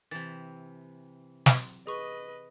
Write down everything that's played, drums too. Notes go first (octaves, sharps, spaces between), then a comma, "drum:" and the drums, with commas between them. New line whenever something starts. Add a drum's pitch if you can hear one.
C3 E3 A6
drum: snare
G#4 B4 D#5 C#6